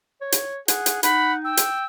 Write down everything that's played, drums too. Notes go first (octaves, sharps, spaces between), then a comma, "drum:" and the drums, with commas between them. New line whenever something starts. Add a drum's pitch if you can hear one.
C#5
drum: hi-hat
G#4 F#5, drum: hi-hat
drum: hi-hat
D#4 F#5 B5, drum: hi-hat
G5 E6
drum: hi-hat